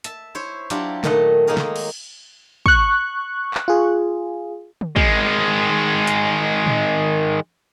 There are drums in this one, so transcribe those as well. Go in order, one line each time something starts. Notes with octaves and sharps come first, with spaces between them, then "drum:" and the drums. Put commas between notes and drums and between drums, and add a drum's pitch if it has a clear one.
E5 A5, drum: hi-hat
E4 C5 C#5
F#3 D4 E4 F4 G4, drum: hi-hat
A#2 D#3 A3 D#5 F#5, drum: snare
F#3 G#3 A#3 D#4 G#4 A#4
drum: snare
drum: cymbal
C#6 F#6, drum: kick
drum: clap
F4 G#4
drum: tom
D#3 G#3, drum: kick
drum: hi-hat
drum: tom A2